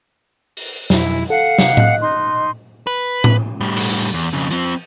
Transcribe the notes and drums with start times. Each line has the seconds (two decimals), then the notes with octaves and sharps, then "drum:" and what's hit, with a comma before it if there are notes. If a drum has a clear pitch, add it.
0.57 drum: open hi-hat
0.90 F2 B2 F#3 E4, drum: snare
1.30 A4 F5 F#5
1.58 C3, drum: snare
1.77 D#5 F#6, drum: tom A2
2.01 D#4 C6
2.87 B4
3.24 drum: tom A2
3.60 A2 G3
3.77 drum: cymbal
4.14 E2
4.33 F2 C#3
4.51 F3 C4, drum: hi-hat